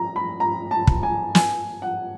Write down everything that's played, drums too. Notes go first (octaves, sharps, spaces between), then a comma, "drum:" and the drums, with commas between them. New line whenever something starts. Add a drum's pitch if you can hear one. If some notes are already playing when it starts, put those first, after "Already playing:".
Already playing: A#5
B5
A#5
A5
drum: kick
G#5
G#5, drum: snare
F#5